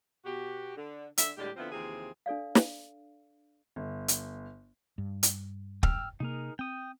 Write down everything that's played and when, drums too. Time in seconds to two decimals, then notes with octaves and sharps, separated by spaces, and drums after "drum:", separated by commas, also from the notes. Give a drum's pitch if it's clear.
0.25 B2 F#4 G4
0.76 D3
1.18 D3 E5, drum: hi-hat
1.37 A2 D3 G3 G#3 G4
1.56 D3 F3 B3 C4 E4 F4
1.71 D#2 C3 E3 F3 C4 G#4
2.26 D4 A4 D5 F5
2.55 drum: snare
3.76 G1
4.08 drum: hi-hat
4.98 G2
5.23 drum: hi-hat
5.83 G5 E6 F6, drum: kick
6.20 C3 A#3 D#4 G#4 A#4
6.59 C4 G5 D#6